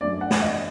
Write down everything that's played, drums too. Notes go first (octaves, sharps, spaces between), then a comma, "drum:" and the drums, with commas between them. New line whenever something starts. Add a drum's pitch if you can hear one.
F#2 F#3 A3 D4 D5
F#5
drum: snare
D#5